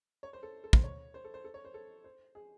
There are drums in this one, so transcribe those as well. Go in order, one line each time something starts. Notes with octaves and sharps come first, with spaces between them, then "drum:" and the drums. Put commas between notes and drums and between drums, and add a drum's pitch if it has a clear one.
C#5
C5
A4
A4
C5, drum: kick
C#5
C5
A4
C5
A4
C#5
C5
A4
C5
G#4